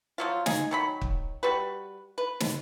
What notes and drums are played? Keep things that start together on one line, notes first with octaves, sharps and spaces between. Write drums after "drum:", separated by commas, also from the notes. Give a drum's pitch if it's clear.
F3 F#3 F4
D#4 G#4, drum: snare
D#3 F#3 B5
drum: kick
G3 F#4 B4
B4
drum: snare